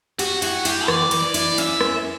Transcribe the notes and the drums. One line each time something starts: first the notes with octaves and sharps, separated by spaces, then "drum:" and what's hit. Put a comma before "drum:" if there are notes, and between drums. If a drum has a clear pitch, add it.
F#4 G4, drum: cymbal
E4 F#4, drum: cymbal
E4 G4, drum: cymbal
E3 D5, drum: rim click
E3, drum: cymbal
D5
E4, drum: cymbal
C#4 E5, drum: cymbal
C#4, drum: rim click